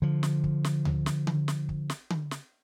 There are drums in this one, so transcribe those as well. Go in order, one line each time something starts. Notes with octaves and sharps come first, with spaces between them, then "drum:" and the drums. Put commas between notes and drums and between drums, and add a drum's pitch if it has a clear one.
D3 F3
drum: snare
drum: kick
drum: snare
drum: tom D2
drum: snare
drum: tom D3
drum: snare
drum: kick
drum: snare
drum: tom D3
drum: snare